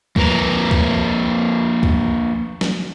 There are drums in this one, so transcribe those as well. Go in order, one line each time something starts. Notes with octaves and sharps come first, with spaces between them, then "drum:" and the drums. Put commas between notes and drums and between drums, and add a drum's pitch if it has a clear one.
F3 A#3 A#4 B4 G5 A#5, drum: kick
drum: kick
drum: kick
drum: snare